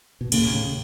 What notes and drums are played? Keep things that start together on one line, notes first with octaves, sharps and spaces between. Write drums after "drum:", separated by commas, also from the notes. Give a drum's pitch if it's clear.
B2
D#2 A2 C#3, drum: cymbal
A2 C#3